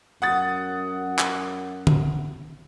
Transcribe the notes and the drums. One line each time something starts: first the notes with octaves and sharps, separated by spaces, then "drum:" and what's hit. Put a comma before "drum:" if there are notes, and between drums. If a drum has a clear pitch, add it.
F#2 F#5 D#6 A6
drum: clap
drum: tom D3